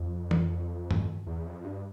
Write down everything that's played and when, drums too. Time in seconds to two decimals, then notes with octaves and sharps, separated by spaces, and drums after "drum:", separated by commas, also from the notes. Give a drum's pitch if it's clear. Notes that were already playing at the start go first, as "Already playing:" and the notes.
Already playing: F2
0.31 drum: tom E3
0.91 drum: tom G2
1.26 E2
1.46 F2
1.65 G2